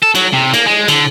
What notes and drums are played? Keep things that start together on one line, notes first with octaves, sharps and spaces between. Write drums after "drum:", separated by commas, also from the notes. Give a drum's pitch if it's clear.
A4
F#3, drum: cymbal
C3
A#3, drum: cymbal
G#3
D3, drum: cymbal